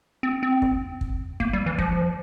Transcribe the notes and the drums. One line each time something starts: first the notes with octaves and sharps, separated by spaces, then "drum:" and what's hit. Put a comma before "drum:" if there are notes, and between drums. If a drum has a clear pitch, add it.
C4
C4
drum: kick
drum: kick
A#3, drum: kick
G3
E3
F3, drum: kick